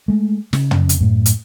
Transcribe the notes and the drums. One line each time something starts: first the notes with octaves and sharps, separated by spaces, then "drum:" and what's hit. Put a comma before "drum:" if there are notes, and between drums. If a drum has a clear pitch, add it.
G#3 A3
C#3, drum: snare
drum: tom
drum: hi-hat
F#2 A2
drum: hi-hat